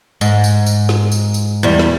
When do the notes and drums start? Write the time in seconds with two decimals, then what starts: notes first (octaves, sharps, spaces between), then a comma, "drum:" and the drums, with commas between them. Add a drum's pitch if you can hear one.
0.21 G#2, drum: tambourine
0.44 drum: tambourine
0.66 drum: tambourine
0.89 drum: snare
1.12 drum: tambourine
1.34 drum: tambourine
1.63 E2 G3
1.79 drum: snare